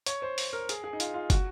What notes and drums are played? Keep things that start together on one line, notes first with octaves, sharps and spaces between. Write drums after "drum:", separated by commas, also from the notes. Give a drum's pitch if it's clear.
C#5, drum: hi-hat
C5
drum: open hi-hat
A#4
G#4, drum: hi-hat
G#4
D#4
F4, drum: hi-hat
F4
F#4, drum: kick, hi-hat